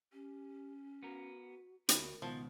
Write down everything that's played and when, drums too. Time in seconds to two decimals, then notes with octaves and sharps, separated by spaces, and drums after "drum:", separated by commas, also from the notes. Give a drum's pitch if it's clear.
0.13 C#4 G4
1.03 B3 F#4 A#4
1.89 D2 F#4 A#4 B5, drum: hi-hat
2.22 C#2 B2 D#3 F3 B3